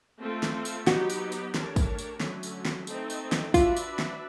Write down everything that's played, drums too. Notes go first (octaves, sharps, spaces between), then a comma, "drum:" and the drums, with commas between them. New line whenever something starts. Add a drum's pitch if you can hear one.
A3 C4 F4 A4
drum: snare
drum: tambourine
F#3 B3 D#4 F#4 G4, drum: snare
drum: tambourine
drum: tambourine
A3 D4 G4 A#4 C#5, drum: snare
drum: kick, tambourine
drum: tambourine
D3 F#3 A3 C#4, drum: snare
drum: tambourine
drum: snare
A3 C4 D#4, drum: tambourine
drum: tambourine
drum: snare
D4 F4 F#4 B4 E5, drum: kick, tambourine
drum: tambourine
drum: snare